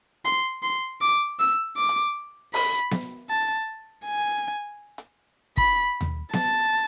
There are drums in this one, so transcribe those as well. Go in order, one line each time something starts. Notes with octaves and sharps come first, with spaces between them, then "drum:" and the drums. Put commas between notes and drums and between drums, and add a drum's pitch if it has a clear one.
C6, drum: hi-hat
C6
D6
E6
D6
drum: hi-hat
B5, drum: open hi-hat
drum: snare B3
A5
G#5
drum: hi-hat
B5, drum: kick
drum: tom D#2
A5, drum: snare B3